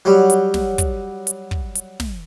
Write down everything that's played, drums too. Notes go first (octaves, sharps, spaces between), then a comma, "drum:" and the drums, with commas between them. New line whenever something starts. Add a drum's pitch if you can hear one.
F#3 G3
drum: hi-hat
drum: snare
drum: kick, hi-hat
drum: hi-hat
drum: kick
drum: hi-hat
drum: snare